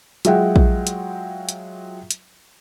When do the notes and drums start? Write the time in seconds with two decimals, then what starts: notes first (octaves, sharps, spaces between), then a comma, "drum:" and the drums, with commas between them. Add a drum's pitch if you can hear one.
0.25 F#3 G#3 F4 E5 F#5 G5, drum: hi-hat
0.56 drum: kick A#1
0.87 drum: hi-hat
1.49 drum: hi-hat
2.11 drum: hi-hat